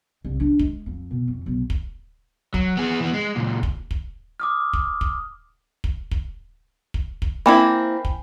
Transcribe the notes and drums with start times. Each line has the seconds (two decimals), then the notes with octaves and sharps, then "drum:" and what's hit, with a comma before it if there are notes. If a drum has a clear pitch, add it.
0.25 C2
0.40 D4
0.59 G#3, drum: kick
0.86 F2
1.11 B2
1.28 F2
1.46 B1
1.70 drum: kick
2.54 F#3, drum: kick
2.77 B3 G#4
3.00 E3 B3
3.14 G#3
3.36 C#2 A#2
3.63 drum: kick
3.91 drum: kick
4.40 D6 D#6 F6
4.73 drum: kick
5.01 drum: kick
5.84 drum: kick
6.11 drum: kick
6.94 drum: kick
7.22 drum: kick
7.46 A#3 C4 E4 G5 G#5 B5
8.05 drum: kick